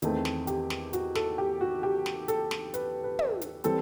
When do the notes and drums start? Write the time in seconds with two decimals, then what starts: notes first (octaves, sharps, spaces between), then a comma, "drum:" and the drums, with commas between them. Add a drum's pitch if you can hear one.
0.02 E2 D#3 A3 C4, drum: hi-hat
0.25 drum: snare
0.47 G4, drum: hi-hat
0.70 drum: snare
0.93 F#4, drum: hi-hat
1.15 A4, drum: snare
1.38 G4
1.61 F#4
1.83 G4
2.06 drum: snare
2.28 A4, drum: hi-hat
2.51 drum: snare
2.74 B4, drum: hi-hat
3.04 B4
3.19 drum: tom
3.41 drum: hi-hat
3.64 E3 G3 C4 A4, drum: hi-hat